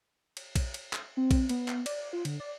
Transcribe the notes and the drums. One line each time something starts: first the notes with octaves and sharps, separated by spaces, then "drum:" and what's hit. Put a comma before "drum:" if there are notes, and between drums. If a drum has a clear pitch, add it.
drum: cymbal
drum: kick A#1, cymbal
drum: cymbal
drum: clap
C4
drum: kick A#1, cymbal
B3, drum: cymbal
drum: clap
D5, drum: cymbal
F4
D3, drum: cymbal
D5